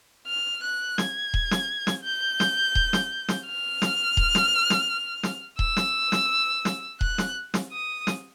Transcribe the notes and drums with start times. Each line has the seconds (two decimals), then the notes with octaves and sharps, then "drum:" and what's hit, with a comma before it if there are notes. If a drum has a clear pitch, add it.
0.27 F6
0.63 F#6
0.98 G#6, drum: snare
1.34 drum: kick D#1
1.51 drum: snare
1.87 drum: snare
2.04 G6
2.40 drum: snare
2.75 drum: kick D#1
2.93 drum: snare
3.29 drum: snare
3.46 F6
3.82 drum: snare
4.17 drum: kick D#1
4.35 drum: snare
4.70 drum: snare
5.23 drum: snare
5.59 E6, drum: kick D#1
5.77 drum: snare
6.12 drum: snare
6.65 drum: snare
7.01 F#6, drum: kick D#1
7.18 drum: snare
7.54 drum: snare
7.72 D#6
8.07 drum: snare